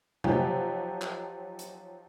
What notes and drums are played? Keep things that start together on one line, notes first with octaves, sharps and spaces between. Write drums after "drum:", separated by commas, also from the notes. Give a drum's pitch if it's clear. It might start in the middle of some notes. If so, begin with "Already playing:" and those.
F3 F#3 D#4 G4, drum: tom C3
drum: clap
drum: hi-hat